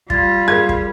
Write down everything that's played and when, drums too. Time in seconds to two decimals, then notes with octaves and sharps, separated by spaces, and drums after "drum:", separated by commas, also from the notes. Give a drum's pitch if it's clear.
0.10 G3 F4 G#6 A6, drum: kick
0.48 G#4 A#4 G#6
0.69 drum: kick